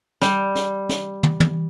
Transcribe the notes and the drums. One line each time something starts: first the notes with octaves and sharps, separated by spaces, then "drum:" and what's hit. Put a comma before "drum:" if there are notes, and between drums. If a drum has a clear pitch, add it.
G3, drum: snare
drum: snare
drum: snare
drum: tom
drum: tom